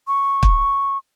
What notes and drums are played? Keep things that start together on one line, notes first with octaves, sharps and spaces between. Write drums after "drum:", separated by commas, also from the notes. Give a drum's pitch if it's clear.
C#6
drum: kick